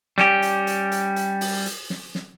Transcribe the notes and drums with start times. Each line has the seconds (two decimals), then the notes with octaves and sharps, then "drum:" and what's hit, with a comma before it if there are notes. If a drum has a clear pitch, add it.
0.18 G3 C#4 G4, drum: snare
0.42 drum: hi-hat
0.67 drum: hi-hat
0.92 drum: hi-hat
1.16 drum: hi-hat
1.41 drum: open hi-hat
1.66 drum: hi-hat
1.90 drum: snare
2.15 drum: snare